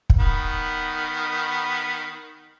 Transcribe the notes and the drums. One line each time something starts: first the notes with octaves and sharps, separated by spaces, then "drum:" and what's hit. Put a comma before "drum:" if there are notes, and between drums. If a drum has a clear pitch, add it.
drum: kick
D#3 B3